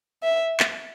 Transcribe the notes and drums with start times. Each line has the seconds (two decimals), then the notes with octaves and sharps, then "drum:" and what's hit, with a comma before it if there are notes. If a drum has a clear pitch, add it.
0.23 E5
0.60 drum: clap